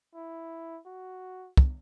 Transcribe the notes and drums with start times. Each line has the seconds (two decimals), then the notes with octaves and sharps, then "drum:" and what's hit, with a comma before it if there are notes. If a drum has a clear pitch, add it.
0.15 E4
0.86 F#4
1.57 drum: kick